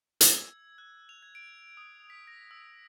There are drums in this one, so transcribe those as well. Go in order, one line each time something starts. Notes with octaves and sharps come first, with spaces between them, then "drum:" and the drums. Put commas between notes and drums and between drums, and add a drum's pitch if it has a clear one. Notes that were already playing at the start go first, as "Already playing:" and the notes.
G#6, drum: hi-hat
E6
F#6
F7
G#6
D7
D#6
B6
A#6
E6